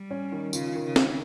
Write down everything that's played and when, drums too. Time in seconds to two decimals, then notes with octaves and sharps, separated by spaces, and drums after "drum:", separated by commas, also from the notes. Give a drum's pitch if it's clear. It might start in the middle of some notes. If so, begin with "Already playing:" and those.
Already playing: G3
0.11 C#4
0.32 D#3
0.53 C#3 F4, drum: tambourine
0.75 D#3
0.85 C#3
0.96 D#3, drum: snare